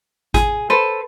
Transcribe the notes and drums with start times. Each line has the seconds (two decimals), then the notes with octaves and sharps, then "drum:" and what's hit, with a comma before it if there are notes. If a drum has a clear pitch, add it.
0.34 G#4, drum: kick G#1, hi-hat
0.70 A4 B4 C5